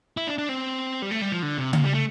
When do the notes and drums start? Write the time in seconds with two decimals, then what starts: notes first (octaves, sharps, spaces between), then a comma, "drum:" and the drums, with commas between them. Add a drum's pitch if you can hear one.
0.17 E4
0.27 D4
0.38 D4
0.49 C4
1.02 G3
1.11 A3
1.22 G3
1.32 F3
1.43 D3
1.58 C3
1.73 A#2, drum: tom C#3
1.84 G3
1.94 A3